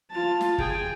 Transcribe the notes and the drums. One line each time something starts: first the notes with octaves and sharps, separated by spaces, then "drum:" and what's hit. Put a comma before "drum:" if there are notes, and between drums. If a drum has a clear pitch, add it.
F4 A5
drum: snare
G#4 G5, drum: kick